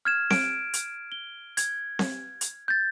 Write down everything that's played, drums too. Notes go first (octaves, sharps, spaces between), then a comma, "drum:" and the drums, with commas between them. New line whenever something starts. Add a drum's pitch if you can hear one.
F6 G#6 E7
D7, drum: snare C4
drum: hi-hat
G7
G#6, drum: hi-hat
drum: snare C4
drum: hi-hat
G6 A6